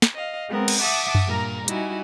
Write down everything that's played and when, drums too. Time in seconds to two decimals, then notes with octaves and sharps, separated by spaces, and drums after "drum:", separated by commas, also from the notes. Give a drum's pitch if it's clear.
0.02 drum: snare
0.14 D#5 F5
0.49 G#3 B3 C4 A#4
0.68 drum: cymbal
0.81 E5 F#5 A5 D6 D#6
1.15 drum: tom F#2
1.26 G2 A#2 A#4 A#5
1.68 G3 D#4 E4 F#4 G#5, drum: hi-hat